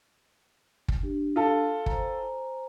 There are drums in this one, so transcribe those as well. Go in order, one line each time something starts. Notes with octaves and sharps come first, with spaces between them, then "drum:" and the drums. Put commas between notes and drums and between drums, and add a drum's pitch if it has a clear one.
drum: kick
D4 G4
F4 A4
C5 G#5 A#5, drum: kick